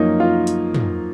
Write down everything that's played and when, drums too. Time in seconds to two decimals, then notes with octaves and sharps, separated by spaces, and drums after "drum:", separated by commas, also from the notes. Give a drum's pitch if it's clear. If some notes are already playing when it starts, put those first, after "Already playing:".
Already playing: F#2 F3 A#3 C#4 D#4
0.20 F4
0.47 drum: hi-hat
0.74 drum: tom